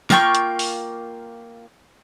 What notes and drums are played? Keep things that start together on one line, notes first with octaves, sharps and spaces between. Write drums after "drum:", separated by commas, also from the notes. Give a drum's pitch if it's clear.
A#3 F4 G5 C#6, drum: snare
drum: hi-hat
drum: open hi-hat